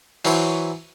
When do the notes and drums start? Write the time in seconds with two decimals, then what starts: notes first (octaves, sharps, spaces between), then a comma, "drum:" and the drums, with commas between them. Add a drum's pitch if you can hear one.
0.25 E3 F#3 E4 C5 C#5, drum: open hi-hat